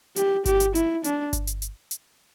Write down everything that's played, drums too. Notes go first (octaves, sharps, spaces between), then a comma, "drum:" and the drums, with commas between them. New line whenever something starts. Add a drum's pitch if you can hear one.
G4, drum: hi-hat
G4, drum: kick G1, hi-hat
drum: hi-hat
E4, drum: hi-hat
D4, drum: hi-hat
drum: kick G1, hi-hat
drum: hi-hat
drum: hi-hat
drum: hi-hat